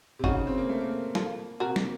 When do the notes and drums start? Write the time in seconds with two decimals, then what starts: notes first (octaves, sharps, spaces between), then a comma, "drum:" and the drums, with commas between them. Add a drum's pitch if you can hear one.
0.19 C3
0.24 C#3 D#4 F#4, drum: kick G1
0.47 C4
0.58 A#3
0.69 A3
0.80 A#3
1.15 F4 A4, drum: snare
1.60 C3 F#4 A#4
1.76 A#3, drum: snare